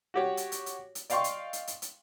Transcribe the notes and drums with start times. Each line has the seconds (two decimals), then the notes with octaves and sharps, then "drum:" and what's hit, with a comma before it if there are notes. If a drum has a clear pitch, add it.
0.14 F#4 G4 C#5
0.37 drum: hi-hat
0.52 drum: hi-hat
0.66 drum: hi-hat
0.95 drum: hi-hat
1.10 D5 D#5 F5 G5 C6 C#6, drum: hi-hat
1.24 drum: hi-hat
1.53 drum: hi-hat
1.67 drum: hi-hat
1.82 drum: hi-hat